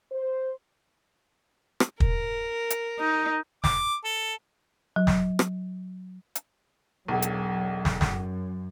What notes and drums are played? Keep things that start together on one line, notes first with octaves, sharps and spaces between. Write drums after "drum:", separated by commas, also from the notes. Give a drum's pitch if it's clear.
C5
drum: rim click
A#4, drum: kick
drum: hi-hat
D#4
D6, drum: snare
A4
F#3
drum: snare
drum: rim click
drum: hi-hat
E1 B1 F#3
drum: hi-hat
drum: snare
F#2, drum: snare